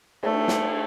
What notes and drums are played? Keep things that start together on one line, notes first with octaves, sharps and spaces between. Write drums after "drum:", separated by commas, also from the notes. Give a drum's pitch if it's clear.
A3, drum: cymbal
drum: snare